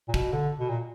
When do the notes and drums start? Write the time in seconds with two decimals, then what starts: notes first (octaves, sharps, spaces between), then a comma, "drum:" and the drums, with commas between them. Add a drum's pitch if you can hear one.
0.08 A#2
0.14 B2, drum: kick
0.33 D3
0.59 B2
0.69 A#2